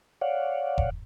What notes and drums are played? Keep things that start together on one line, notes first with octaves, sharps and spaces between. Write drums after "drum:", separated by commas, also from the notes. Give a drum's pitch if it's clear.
C#5 D5 F5 F#5
drum: kick E1